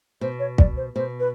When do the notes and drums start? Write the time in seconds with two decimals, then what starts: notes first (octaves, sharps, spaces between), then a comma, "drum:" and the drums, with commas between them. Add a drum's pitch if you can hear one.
0.21 B2 C5
0.39 C#5
0.58 D5, drum: kick
0.77 C5
0.96 B2 C5
1.20 B4